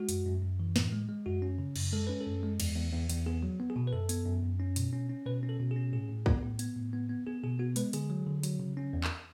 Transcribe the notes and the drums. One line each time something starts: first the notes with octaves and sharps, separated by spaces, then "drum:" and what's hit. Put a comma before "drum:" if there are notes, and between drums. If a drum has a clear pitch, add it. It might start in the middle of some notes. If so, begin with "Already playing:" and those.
Already playing: G#3 F#4
F#2, drum: hi-hat
F#2
F#2
E3
A2, drum: snare
G#3
G#3
F#2 F#4
C#4
C#3
F#2, drum: cymbal
G#3 A4
C#4 B4
A4
F#2
G#3
E2, drum: cymbal
E2
E2
E2, drum: hi-hat
B3 G#4
F#3
B3
G#4
B2
B4
F#2 A4
B3, drum: hi-hat
F#2
F#2
C#4
B2, drum: hi-hat
C#4
C#4
B2 B4
C#4
A4
B2
G#4
C#4
A2 G#4
A2
B3, drum: kick B1
A2
B3, drum: hi-hat
A2
B3
B3
B3 G#4
B2 G#4
B3 F#4
G#3 B4, drum: hi-hat
D3 G#4, drum: hi-hat
F#3
D3
F#3, drum: hi-hat
C#3
C#4
E2
drum: clap